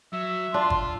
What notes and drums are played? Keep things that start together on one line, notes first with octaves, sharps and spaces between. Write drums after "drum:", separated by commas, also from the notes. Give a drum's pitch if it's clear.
F#3 E5
D4 F4 C6
drum: kick G1